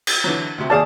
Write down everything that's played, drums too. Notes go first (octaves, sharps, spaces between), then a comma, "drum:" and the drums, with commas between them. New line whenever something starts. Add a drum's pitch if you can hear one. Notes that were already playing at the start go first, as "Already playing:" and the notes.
drum: cymbal
D3 E3 F#3
D2 C3
D#2 G#4 D5 F5 A5 D#6